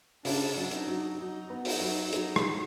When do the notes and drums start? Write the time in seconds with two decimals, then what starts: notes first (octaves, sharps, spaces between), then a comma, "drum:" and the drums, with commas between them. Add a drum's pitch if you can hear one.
0.25 C#3 D4, drum: open hi-hat
0.57 F#3
0.71 D#4, drum: hi-hat
0.87 F#3
1.18 F#3 D#4
1.50 B3
1.65 D#4, drum: open hi-hat
1.81 F#3
2.13 F#3 D#4, drum: hi-hat
2.36 drum: rim click